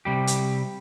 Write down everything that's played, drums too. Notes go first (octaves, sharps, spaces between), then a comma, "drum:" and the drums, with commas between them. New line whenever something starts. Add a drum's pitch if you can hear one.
C3 G3 G4
drum: hi-hat